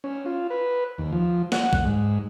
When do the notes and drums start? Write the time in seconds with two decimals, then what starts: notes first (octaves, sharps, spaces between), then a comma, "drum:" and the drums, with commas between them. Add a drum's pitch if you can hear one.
0.04 C#4
0.26 F4
0.50 B4
0.98 D#2
1.13 F3
1.52 F#5, drum: snare
1.73 drum: kick
1.85 G#2